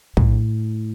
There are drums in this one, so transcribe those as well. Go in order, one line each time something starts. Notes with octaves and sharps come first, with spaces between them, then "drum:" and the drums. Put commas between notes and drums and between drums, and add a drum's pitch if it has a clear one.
A2, drum: kick